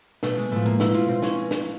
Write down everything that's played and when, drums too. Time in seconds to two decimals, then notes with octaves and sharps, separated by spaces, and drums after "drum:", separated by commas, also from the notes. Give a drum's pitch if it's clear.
0.23 B2 A3, drum: snare
0.37 G#3, drum: open hi-hat
0.51 A2 F3 A3
0.66 A#3, drum: hi-hat
0.80 B2 E4, drum: snare
0.94 F4, drum: hi-hat
1.08 B2 C4
1.22 C#4, drum: snare
1.51 drum: snare